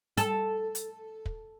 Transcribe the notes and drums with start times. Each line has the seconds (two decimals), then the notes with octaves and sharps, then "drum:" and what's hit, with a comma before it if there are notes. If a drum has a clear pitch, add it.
0.17 A4, drum: hi-hat
0.75 drum: hi-hat
1.26 drum: kick